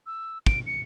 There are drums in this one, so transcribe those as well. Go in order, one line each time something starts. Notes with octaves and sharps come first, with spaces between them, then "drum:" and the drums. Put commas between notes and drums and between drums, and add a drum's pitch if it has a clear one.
E6
D7, drum: kick
C#7